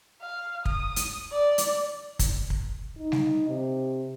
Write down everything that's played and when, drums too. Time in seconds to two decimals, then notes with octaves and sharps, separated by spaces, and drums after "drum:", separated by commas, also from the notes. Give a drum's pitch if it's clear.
0.22 F5
0.65 D#6, drum: kick
0.96 drum: hi-hat
1.32 D5
1.58 drum: hi-hat
2.19 drum: kick, hi-hat
2.50 drum: kick
2.99 D#4
3.12 drum: snare G3
3.48 C3